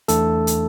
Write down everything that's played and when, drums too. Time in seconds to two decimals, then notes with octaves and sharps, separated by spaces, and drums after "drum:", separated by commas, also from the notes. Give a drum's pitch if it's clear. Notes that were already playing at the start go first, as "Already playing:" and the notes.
0.08 E2 E3 A3 D4 A4, drum: hi-hat
0.47 drum: hi-hat